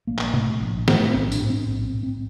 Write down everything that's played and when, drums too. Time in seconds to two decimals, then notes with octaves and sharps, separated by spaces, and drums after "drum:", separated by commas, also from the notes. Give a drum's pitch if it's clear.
0.07 A#1 A#3
0.18 drum: clap
0.34 A2, drum: tom B2
0.61 A#1
0.88 A2, drum: snare
1.14 A#1 C4
1.32 D4, drum: tambourine
1.41 A2
1.50 C4
1.68 A#1 C4
1.86 C4
1.94 A2
2.03 C4